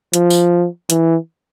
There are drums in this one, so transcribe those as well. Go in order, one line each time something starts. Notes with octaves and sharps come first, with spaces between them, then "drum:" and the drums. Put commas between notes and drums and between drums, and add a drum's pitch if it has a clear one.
F3, drum: hi-hat
drum: tambourine
E3, drum: hi-hat